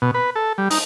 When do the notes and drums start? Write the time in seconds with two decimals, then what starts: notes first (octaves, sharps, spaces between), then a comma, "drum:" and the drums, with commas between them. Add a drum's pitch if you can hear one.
0.02 B2
0.14 B4
0.36 A4
0.58 G3
0.70 D#4, drum: open hi-hat